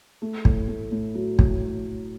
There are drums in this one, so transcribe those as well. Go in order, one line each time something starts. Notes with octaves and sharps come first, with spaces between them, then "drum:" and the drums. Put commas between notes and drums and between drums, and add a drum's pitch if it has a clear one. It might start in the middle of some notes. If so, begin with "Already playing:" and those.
A3
A2, drum: kick
A3
A2
F#3
A2, drum: kick